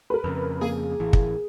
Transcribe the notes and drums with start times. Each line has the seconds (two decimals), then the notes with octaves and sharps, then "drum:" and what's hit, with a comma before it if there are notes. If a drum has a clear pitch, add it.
0.10 A#4 B4
0.24 F2 C#3
0.61 A#3 G#4
1.00 A1 E3
1.13 drum: kick